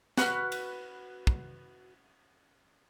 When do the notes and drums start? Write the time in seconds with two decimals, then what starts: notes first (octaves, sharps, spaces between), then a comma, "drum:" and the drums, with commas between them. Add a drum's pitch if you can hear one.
0.17 F#4 B4 F6, drum: snare
0.52 drum: cymbal
1.27 drum: kick